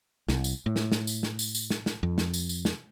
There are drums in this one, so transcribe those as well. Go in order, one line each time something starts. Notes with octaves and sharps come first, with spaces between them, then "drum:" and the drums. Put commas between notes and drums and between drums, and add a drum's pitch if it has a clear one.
C2, drum: snare
drum: tambourine
A2
drum: snare
drum: snare
drum: tambourine
drum: snare
drum: tambourine
drum: tambourine
drum: snare
drum: snare
F2
drum: snare
drum: tambourine
drum: tambourine
drum: snare